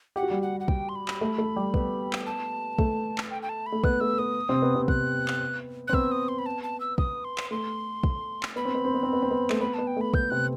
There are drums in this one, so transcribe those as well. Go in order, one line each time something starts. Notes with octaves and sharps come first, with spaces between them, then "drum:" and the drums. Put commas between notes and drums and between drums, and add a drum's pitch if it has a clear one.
G4 F#5
F#4
G3 G4
F#5
F#5
G5, drum: kick
C6
B5
drum: clap
A3 A4
A3 A4
G3 G4
B3, drum: kick
drum: clap
A5
A3, drum: kick
drum: clap
G5
G5
A5
B5
A3
B3 F#6, drum: kick
A3 E6
B3 D#6
C3 C4
B3
C3 C4
B3 F#6, drum: kick
drum: clap
C4 F#6
B3 E6, drum: kick
D#6
C6
B5
A5
A5
E6
D#6, drum: kick
C6
drum: clap
A3 C6
drum: kick
drum: clap
B3 B5
C4
B3
C4
B3
C4
B3
C4
B3
A3, drum: clap
B3 B5
B3 A5
G5
A3 B5
B3 G6, drum: kick
C3 C4 F#6